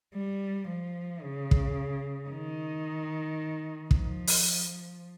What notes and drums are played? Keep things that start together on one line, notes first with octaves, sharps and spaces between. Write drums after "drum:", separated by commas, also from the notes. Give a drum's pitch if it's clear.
G3
F3
C#3
drum: kick
D#3
F3, drum: kick
drum: open hi-hat